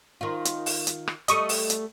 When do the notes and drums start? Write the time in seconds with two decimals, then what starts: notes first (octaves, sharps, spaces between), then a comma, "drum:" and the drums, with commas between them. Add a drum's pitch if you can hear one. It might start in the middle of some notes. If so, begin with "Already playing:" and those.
0.21 D#3 F4
0.45 drum: hi-hat
0.66 drum: open hi-hat
0.87 drum: hi-hat
1.08 drum: rim click
1.28 G3 A3 D#5 C#6 D#6, drum: hi-hat
1.49 drum: open hi-hat
1.70 drum: hi-hat